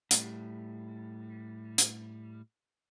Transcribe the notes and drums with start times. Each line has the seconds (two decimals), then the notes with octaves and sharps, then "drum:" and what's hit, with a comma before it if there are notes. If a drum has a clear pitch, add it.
0.11 A2 G3, drum: hi-hat
1.78 drum: hi-hat